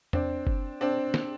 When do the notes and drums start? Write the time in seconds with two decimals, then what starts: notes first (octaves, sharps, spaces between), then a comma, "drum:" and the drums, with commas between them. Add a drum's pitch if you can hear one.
0.13 C4 D4, drum: tom E2
0.47 drum: kick F#1
0.81 C4 D4
1.14 drum: snare